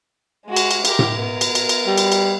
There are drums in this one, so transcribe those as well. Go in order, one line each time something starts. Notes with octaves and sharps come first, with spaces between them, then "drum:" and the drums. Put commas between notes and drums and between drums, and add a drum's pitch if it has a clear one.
G#3 F#4
drum: cymbal
drum: cymbal
G4 A#4, drum: cymbal
drum: tom A2
B3 A#4
drum: cymbal
drum: cymbal
drum: cymbal
G3
drum: cymbal
drum: cymbal